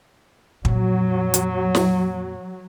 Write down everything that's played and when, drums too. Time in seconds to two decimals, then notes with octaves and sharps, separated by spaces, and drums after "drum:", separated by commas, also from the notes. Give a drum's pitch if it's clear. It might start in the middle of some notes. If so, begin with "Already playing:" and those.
0.65 F2 A#2 F#3, drum: kick
1.34 drum: hi-hat
1.75 drum: snare